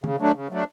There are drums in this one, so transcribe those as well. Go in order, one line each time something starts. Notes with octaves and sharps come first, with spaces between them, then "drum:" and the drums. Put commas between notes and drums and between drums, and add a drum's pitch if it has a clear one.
C#3, drum: tom
F#3 A3 D4
C#3
F#3 A3 D4